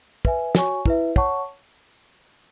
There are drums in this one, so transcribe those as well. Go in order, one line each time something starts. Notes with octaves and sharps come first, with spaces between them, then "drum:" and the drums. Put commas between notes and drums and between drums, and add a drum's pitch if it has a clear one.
B4 E5 G#5, drum: kick
F#4 C#5 G#5 C#6, drum: snare
E4 B4 E5, drum: kick
C#5 F#5 A5 C#6, drum: kick